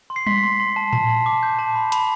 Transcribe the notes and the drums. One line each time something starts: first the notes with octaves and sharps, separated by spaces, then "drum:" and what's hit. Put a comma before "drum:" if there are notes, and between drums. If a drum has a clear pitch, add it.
C6
C7
C6 B6, drum: tom G3
C6
C6
A5
A5, drum: tom A2
A5
D6
G6
A5
B5
B5, drum: hi-hat